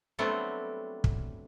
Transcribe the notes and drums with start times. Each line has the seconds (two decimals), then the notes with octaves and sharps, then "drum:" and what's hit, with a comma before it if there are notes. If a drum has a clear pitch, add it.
0.19 F#3 G3 A3 B3 C4 D4
1.04 drum: kick